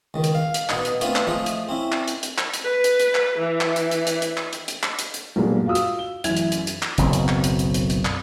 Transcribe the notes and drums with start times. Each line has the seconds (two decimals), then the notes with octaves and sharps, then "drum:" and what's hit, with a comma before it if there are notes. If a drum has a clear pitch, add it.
0.14 C#2 D#3
0.24 drum: hi-hat
0.35 F5
0.54 drum: hi-hat
0.69 B2 B3 D#4, drum: clap
0.85 drum: hi-hat
1.01 A3 B3 C4 D4 F4 B4, drum: hi-hat
1.16 drum: clap
1.27 F3 G#3 A3 F4
1.46 drum: hi-hat
1.69 C4 C#4 E4
1.92 drum: clap
2.08 drum: hi-hat
2.23 drum: hi-hat
2.38 drum: clap
2.54 drum: hi-hat
2.64 B4
2.84 drum: hi-hat
2.99 drum: hi-hat
3.15 drum: clap
3.37 E3
3.61 drum: clap
3.76 drum: hi-hat
3.91 drum: hi-hat
4.07 drum: hi-hat
4.22 drum: hi-hat
4.37 drum: clap
4.53 drum: hi-hat
4.68 drum: hi-hat
4.83 drum: clap
4.99 drum: hi-hat
5.14 drum: hi-hat
5.36 B1 G2 A#2 G#3 A#3
5.66 F4 F#4 F5 D#6 E6
5.75 drum: hi-hat
5.99 G7
6.24 A1 F#2 E5 G#6 F7, drum: hi-hat
6.37 drum: hi-hat
6.52 drum: hi-hat
6.67 drum: hi-hat
6.82 drum: clap
6.98 F#1 B1 C#3 C4, drum: hi-hat
7.13 drum: hi-hat
7.28 drum: clap
7.44 drum: hi-hat
7.59 drum: hi-hat
7.74 drum: hi-hat
7.90 drum: hi-hat
8.05 drum: clap